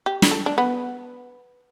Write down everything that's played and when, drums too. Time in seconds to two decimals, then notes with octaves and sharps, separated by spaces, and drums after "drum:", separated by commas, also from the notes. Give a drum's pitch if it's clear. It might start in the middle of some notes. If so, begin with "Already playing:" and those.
0.06 G4
0.22 drum: snare
0.31 A4
0.46 D4
0.58 B3